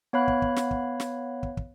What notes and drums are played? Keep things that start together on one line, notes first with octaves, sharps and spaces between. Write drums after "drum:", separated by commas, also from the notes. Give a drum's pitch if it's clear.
B3 C#5 F5 B5 F#6
drum: kick
drum: kick
drum: snare
drum: kick
drum: snare
drum: kick
drum: kick